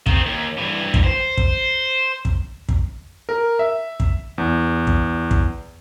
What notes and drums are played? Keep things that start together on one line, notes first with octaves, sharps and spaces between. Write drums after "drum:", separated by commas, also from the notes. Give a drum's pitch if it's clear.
D#3 C4, drum: kick
D#2
G2 E3
drum: kick
C5
drum: kick
drum: kick
drum: kick
A#4
E5
drum: kick
E2
drum: kick
drum: kick